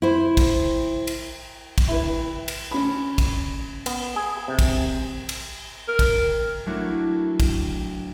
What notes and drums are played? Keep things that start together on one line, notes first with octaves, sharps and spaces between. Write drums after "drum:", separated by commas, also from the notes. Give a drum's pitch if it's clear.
E4 C5
drum: kick, cymbal
drum: cymbal
drum: kick, cymbal
E4 B4
drum: cymbal
C#4 B5
drum: kick, cymbal
B3, drum: cymbal
G#4
C3
drum: kick, cymbal
drum: cymbal
A#4
drum: kick, cymbal
F#3 A3 A#3 D4 E4 F#4
drum: kick, cymbal